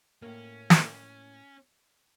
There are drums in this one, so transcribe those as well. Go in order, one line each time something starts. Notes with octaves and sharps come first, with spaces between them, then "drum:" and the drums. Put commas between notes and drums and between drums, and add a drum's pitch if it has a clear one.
A2 A#3 C#4
drum: snare